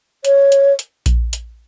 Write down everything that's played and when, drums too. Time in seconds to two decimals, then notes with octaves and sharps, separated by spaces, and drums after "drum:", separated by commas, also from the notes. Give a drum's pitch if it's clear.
0.25 C#5, drum: hi-hat
0.52 drum: hi-hat
0.79 drum: hi-hat
1.06 drum: kick A#1, hi-hat
1.33 drum: hi-hat